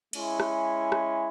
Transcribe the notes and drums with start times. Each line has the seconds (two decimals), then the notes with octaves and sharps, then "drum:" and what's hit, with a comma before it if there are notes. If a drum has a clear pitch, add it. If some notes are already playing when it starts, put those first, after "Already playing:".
0.13 G#3 C#4 E4, drum: cymbal
0.40 drum: rim click
0.92 drum: rim click